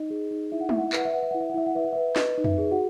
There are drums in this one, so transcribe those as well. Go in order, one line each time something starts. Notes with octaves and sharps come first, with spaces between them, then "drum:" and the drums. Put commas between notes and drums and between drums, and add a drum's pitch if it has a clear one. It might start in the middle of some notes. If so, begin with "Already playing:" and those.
Already playing: D#4 D#5
G#4
D#4
E4 E5
F#5
E4 E5, drum: tom G#3
F#5
E5
B4 F#5, drum: clap
E5
B4 F#5
E5
E4 F#5
E5
F#5
E4 E5
F#5
B4 E5
F#5
B4 E5
B4 D#5, drum: snare
D#4
E5, drum: tom F2
G#4
F#4 F#5